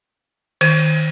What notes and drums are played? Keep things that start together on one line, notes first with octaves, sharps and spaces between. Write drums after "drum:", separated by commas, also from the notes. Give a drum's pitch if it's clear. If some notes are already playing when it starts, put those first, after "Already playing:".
D#3, drum: cymbal